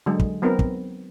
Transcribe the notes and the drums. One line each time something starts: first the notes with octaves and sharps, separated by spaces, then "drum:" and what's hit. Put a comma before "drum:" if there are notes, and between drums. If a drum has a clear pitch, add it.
D3 F#3 G#3
drum: kick
F#3 B3 C4 D#4 A#4
drum: kick